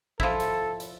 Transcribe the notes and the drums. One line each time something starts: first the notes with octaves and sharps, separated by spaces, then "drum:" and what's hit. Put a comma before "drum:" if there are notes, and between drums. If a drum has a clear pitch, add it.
F3 E4 A4, drum: kick
drum: hi-hat
drum: hi-hat